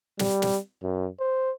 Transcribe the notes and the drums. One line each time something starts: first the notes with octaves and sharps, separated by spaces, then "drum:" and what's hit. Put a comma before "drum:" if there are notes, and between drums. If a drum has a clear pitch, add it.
G3, drum: snare
drum: snare
F#2
C5